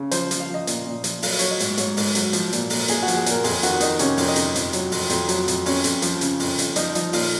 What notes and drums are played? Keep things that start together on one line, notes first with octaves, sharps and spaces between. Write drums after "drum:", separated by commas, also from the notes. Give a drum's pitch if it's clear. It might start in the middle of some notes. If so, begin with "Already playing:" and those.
Already playing: C#3
F3 C5, drum: hi-hat
F3, drum: hi-hat
F5
F3 D#5
A#2, drum: hi-hat
A#2
F3, drum: hi-hat
F#3 F5, drum: open hi-hat
F#3 C#5, drum: hi-hat
D#5
G#2, drum: hi-hat
G#2 C#5, drum: hi-hat
G#2, drum: open hi-hat
F#3, drum: hi-hat
F3, drum: hi-hat
A#2, drum: hi-hat
A#2, drum: open hi-hat
A#2 G#4, drum: hi-hat
F#4
F3, drum: hi-hat
G#4
A#2 A#4, drum: hi-hat
F2 G#4, drum: open hi-hat
D#3 F#4, drum: hi-hat
D#3 D#4, drum: hi-hat
C3 C#4, drum: hi-hat
F2, drum: open hi-hat
D#4
C3, drum: hi-hat
F2, drum: hi-hat
F#3, drum: hi-hat
F2, drum: open hi-hat
F2, drum: hi-hat
F#3, drum: hi-hat
F2, drum: hi-hat
F2 C#4, drum: open hi-hat
F2, drum: hi-hat
F3, drum: hi-hat
C#3, drum: hi-hat
F2, drum: open hi-hat
F2, drum: hi-hat
F3 D#4, drum: hi-hat
F3 D#4, drum: hi-hat
A#2 F4, drum: open hi-hat